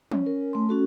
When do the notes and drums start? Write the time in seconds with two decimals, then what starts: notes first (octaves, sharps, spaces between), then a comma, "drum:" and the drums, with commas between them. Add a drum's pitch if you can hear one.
0.12 C#4, drum: tom
0.26 A#4
0.53 A3 C6
0.69 C#4 F#4 A4